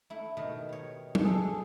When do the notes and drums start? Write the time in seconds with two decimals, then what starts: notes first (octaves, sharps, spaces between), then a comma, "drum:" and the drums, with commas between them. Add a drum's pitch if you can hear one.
0.10 A3 E4
0.37 B2 D#3 A3
0.69 G3 C#5
1.15 drum: tom
1.25 G#4 A4